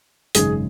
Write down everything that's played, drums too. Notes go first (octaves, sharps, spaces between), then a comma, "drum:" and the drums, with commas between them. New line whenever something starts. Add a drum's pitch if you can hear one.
G#1 F#2 C#3 G#3 G#4, drum: hi-hat